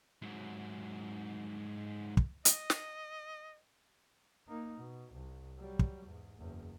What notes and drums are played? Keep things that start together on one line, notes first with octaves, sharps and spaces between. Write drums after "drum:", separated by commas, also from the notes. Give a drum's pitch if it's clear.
G#2 F#3
drum: kick
D#5, drum: hi-hat
drum: snare
A#3 D#4
B2
C2
F#3 G3
drum: kick
E2 G#2
F#1 E2